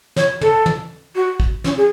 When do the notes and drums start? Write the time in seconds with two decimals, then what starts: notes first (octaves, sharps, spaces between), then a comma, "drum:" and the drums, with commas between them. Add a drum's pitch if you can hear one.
0.16 C#5, drum: snare
0.41 A4, drum: tom
0.66 drum: tom
1.15 F#4
1.40 drum: kick
1.64 C#4, drum: snare
1.77 G#4